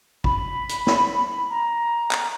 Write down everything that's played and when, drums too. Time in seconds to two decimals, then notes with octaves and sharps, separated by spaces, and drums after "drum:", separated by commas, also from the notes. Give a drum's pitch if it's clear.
0.24 B5, drum: kick
0.69 drum: hi-hat
0.87 drum: snare
1.50 A#5
2.11 drum: clap